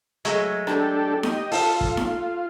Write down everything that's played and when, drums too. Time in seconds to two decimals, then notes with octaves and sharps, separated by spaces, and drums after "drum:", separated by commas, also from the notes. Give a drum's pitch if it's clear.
0.25 F#3 G#3 A3, drum: hi-hat
0.67 D4 G4 A4, drum: rim click
1.23 G4 D#5, drum: snare D#4
1.52 F4 A4, drum: open hi-hat
1.81 drum: kick
1.97 drum: snare D#4